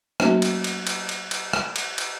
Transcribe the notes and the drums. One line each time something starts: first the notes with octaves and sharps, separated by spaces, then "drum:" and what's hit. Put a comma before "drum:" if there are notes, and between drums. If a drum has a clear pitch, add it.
F#3 A3 A#3 C#4 D#4 F#4, drum: rim click
drum: cymbal
drum: cymbal
drum: cymbal
drum: cymbal
drum: cymbal
drum: rim click
drum: cymbal
drum: cymbal